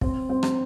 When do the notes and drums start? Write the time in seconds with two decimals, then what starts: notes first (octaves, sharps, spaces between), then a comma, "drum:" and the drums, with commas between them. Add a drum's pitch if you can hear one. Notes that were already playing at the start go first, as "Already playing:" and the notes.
0.01 C4, drum: kick
0.29 C4
0.43 drum: rim click